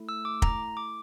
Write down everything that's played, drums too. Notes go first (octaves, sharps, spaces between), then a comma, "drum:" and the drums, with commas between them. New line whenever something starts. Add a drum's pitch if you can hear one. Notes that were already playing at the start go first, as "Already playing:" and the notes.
Already playing: A3 E4 A4
E6
D6
A#5, drum: kick
D6